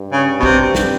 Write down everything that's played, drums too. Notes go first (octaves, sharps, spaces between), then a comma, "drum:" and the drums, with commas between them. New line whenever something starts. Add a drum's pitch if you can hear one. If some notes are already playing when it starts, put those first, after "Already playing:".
Already playing: G2
C#3
B2
C3, drum: kick
drum: snare